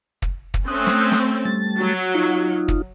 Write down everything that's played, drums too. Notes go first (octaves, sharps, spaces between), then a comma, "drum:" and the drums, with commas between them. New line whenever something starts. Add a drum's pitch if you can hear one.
drum: kick
drum: kick
A3 C4 C#4 D#6 F#6
drum: snare
drum: snare
G3 A3 A6
F#3
D#4 F4
drum: kick